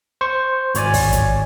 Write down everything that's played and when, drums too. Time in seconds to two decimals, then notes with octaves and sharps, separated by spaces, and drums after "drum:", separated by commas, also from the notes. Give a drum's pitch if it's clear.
0.21 C5 C#6
0.75 G#1 C#5 D5 G#5, drum: hi-hat
0.94 drum: kick, open hi-hat
1.12 drum: kick, hi-hat